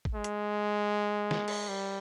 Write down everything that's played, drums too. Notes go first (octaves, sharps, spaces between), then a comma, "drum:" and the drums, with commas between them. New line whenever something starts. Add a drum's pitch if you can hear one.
drum: kick
G#3
drum: hi-hat
drum: snare
drum: cymbal
G3